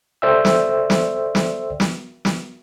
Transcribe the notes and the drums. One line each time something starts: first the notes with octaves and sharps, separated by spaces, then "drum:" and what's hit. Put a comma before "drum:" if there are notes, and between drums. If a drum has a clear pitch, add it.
A4 C5 D5 E5 G5 E6
drum: snare
drum: snare
drum: snare
drum: snare
drum: snare